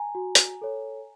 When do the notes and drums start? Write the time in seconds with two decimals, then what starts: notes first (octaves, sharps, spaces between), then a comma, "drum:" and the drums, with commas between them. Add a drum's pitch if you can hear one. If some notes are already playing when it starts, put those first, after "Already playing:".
Already playing: G#5 A#5
0.15 F#4
0.35 drum: hi-hat
0.62 A4 C#5